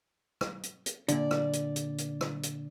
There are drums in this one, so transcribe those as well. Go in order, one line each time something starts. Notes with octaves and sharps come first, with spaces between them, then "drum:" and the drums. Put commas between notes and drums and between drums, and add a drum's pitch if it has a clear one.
drum: rim click
drum: hi-hat
drum: hi-hat
A#2 D3 D5, drum: hi-hat
drum: rim click
drum: hi-hat
drum: hi-hat
drum: hi-hat
drum: rim click
drum: hi-hat